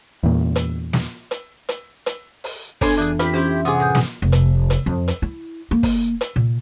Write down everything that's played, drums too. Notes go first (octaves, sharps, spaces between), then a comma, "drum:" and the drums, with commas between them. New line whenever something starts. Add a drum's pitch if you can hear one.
E2 A#2
drum: hi-hat
drum: snare
drum: hi-hat
drum: hi-hat
drum: hi-hat
drum: open hi-hat
B3 D4 A4 C#5 G#5 C6, drum: kick, open hi-hat
F2 E3 D4 G#4
E3 C4 F4 G4 B5, drum: hi-hat
E3 C#4 E4 G4 C5
C3 B3 G#4 C6 D6
A2 D#6 G6
drum: snare
F1
drum: hi-hat
drum: hi-hat
F2
drum: hi-hat
E4
A#3
drum: kick, open hi-hat
drum: hi-hat
A#2